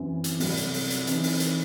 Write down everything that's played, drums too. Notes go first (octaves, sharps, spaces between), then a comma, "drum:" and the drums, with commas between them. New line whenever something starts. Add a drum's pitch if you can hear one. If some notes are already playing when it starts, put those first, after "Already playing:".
Already playing: F#2 E3 C4
drum: hi-hat
C2 C3 F#3, drum: open hi-hat
drum: hi-hat
drum: open hi-hat
drum: hi-hat
E3 C4 D#4, drum: hi-hat
drum: open hi-hat
drum: hi-hat